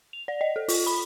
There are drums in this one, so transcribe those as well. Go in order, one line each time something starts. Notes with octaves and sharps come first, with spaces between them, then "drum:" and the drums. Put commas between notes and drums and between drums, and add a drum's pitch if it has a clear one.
F7
D5
D#5
A4
F4, drum: open hi-hat
B5